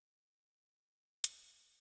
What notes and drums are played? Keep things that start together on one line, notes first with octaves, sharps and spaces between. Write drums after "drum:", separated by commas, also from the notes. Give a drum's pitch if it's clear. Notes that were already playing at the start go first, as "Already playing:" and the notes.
Already playing: F3
G3
drum: hi-hat